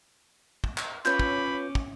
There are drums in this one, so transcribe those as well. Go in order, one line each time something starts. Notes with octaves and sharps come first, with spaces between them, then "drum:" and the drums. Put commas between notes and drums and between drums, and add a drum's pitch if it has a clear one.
drum: kick
drum: clap
C#4 F4 B4 C#5 B5 D6 G6, drum: clap
drum: kick
drum: kick